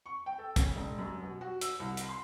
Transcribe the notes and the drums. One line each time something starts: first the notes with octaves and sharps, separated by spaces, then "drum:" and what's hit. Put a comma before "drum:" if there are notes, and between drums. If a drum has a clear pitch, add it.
C#6
G5
A4
C#3, drum: kick, hi-hat
E1
F#2
B2
F#4
E6, drum: hi-hat
C2
drum: hi-hat
C6